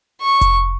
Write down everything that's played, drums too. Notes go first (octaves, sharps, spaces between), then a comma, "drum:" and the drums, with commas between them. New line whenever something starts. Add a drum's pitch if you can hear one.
C#6
drum: kick F1, hi-hat